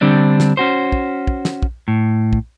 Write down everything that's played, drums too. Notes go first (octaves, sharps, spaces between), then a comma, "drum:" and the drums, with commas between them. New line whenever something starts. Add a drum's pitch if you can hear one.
D3 G3 C4 D4
drum: snare
C#4 F#4 C5
drum: kick
drum: kick
drum: snare
drum: kick
A2
drum: kick